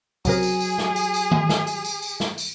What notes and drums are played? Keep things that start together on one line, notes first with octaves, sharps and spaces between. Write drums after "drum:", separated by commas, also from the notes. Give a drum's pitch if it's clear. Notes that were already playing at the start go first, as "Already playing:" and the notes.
C#2 C3 F#3 G#4 A#4, drum: tambourine
drum: tambourine
drum: tambourine
drum: snare
drum: tambourine
drum: tambourine
drum: tom D#3
drum: snare
drum: tambourine
drum: tambourine
drum: tambourine
drum: snare
drum: tambourine